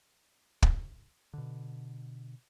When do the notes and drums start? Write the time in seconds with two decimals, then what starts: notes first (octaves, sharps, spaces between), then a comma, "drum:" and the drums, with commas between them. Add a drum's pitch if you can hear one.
0.62 drum: kick
1.33 B2 D3